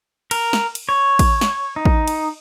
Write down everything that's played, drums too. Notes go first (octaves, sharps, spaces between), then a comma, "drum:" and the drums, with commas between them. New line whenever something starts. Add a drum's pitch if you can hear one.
A#4, drum: cymbal
drum: snare
drum: cymbal
C#5
drum: kick A1, cymbal
drum: snare
D#4
drum: kick A1
drum: cymbal